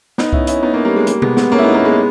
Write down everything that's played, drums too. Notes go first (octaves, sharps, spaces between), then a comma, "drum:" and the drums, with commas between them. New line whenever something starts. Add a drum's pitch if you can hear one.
B3 D#4, drum: snare
C#4 E4, drum: kick C2
C#4 E4, drum: hi-hat
B3 D#4
A#3 C#4
G3 A#3
G#3
G3 A#3, drum: hi-hat
G#3 B3, drum: tom B2
G#3 B3, drum: snare
A#3 C#4
E4
B3 D#4
A#3 C#4
G#3 B3